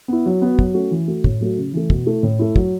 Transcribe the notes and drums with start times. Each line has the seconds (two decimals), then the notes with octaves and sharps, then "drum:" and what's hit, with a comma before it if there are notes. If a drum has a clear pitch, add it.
0.08 B3 E4
0.26 F#3
0.42 B3 F#4
0.59 F#3, drum: kick
0.74 A3 C#4 F#4
0.91 E3
1.08 A3 F#4
1.24 A2, drum: kick
1.41 F#3 A3 F#4
1.57 C#3
1.73 E3 A3
1.90 B2, drum: kick
2.06 A3 E4
2.23 A2
2.39 A3 E4
2.56 F#3, drum: kick